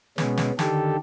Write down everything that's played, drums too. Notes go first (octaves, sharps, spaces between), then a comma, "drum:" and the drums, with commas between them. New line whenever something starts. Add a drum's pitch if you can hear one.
B2 G#3 B3 C#4, drum: snare
drum: snare
D3 D#3 G4 A4, drum: snare